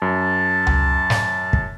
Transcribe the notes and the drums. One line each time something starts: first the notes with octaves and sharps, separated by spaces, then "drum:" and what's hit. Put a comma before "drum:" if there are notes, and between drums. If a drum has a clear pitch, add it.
F#2 A5
drum: tom C#2
drum: snare
drum: kick